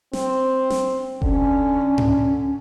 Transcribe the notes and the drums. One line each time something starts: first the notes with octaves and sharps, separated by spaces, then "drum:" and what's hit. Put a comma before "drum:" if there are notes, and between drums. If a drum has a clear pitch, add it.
C4, drum: snare
drum: snare
D3 C#4, drum: kick F1
drum: tom G#2